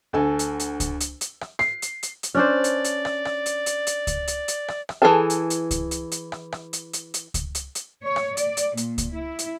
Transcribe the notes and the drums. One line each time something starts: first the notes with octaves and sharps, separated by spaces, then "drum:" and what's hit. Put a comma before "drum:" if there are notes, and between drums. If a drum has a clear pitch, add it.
D2 A4 G#5
drum: hi-hat
drum: hi-hat
drum: kick C#2, hi-hat
drum: hi-hat
drum: hi-hat
drum: rim click
C7, drum: rim click
drum: hi-hat
drum: hi-hat
drum: hi-hat
C#4 D4 C5 D5
drum: hi-hat
drum: hi-hat
drum: rim click
drum: rim click
drum: hi-hat
drum: hi-hat
drum: hi-hat
drum: kick C#2, hi-hat
drum: hi-hat
drum: hi-hat
drum: rim click
drum: rim click
E3 E4 G#4 A4 A5
drum: hi-hat
drum: hi-hat
drum: kick C#2, hi-hat
drum: hi-hat
drum: hi-hat
drum: rim click
drum: rim click
drum: hi-hat
drum: hi-hat
drum: hi-hat
drum: kick C#2, hi-hat
drum: hi-hat
drum: hi-hat
C#5
drum: rim click
D5, drum: hi-hat
drum: hi-hat
A#2, drum: hi-hat
drum: kick C#2, hi-hat
E4
drum: hi-hat